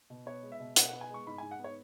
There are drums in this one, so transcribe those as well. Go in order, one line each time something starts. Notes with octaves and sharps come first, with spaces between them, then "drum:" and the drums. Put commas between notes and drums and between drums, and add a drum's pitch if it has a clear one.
B2
B3 C#5
G#3
E5
B2
B2 F#5, drum: hi-hat
B3 F#5
G#5
G#3 C#6
G#2 B5
G#2 G#5
F#5
B3
C#5